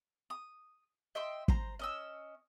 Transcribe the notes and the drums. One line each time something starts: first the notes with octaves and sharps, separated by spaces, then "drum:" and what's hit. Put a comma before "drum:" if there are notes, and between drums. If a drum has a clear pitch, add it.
D#6
D#5 E5 G5 C6
C5 A#5, drum: kick
C#4 D#5 E6